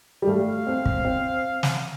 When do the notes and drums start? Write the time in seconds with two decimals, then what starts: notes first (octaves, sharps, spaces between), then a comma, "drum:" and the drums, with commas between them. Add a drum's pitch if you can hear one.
0.22 G3
0.27 A3 F5
0.67 C4
0.86 drum: kick
1.05 C4
1.63 drum: snare